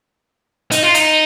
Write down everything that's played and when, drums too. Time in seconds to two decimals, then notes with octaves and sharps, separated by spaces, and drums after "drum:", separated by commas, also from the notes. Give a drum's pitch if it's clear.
0.71 D#4, drum: hi-hat
0.83 F4
0.95 D#4, drum: hi-hat